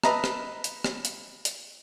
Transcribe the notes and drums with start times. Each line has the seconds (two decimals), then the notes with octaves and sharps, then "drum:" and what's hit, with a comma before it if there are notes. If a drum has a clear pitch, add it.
0.04 B4 D#5 E5 A5 A#5, drum: rim click
0.24 drum: rim click
0.64 drum: hi-hat
0.84 drum: rim click
1.05 drum: hi-hat
1.45 drum: hi-hat